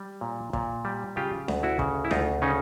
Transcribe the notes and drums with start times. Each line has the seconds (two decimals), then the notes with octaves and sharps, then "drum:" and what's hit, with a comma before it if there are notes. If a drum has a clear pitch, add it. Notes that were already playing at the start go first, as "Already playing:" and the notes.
Already playing: G3
0.21 A#2
0.53 A#2, drum: kick
0.85 G3
1.16 C#3 F4 G4
1.48 D2, drum: snare C#4
1.63 E4 F#4
1.79 C#3, drum: kick
2.05 E4
2.11 D2 D#4 F4, drum: snare C#4
2.42 C#3 C#4 D#4